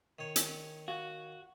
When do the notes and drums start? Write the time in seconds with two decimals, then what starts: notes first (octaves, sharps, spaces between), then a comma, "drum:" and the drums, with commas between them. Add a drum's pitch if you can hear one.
0.19 D#3 C#5
0.36 drum: hi-hat
0.88 F#4 F5